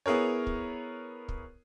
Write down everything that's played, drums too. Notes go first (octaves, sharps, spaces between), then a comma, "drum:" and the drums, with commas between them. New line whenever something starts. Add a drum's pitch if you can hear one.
B3 E4 G#4 A#4 C#5
drum: kick
drum: kick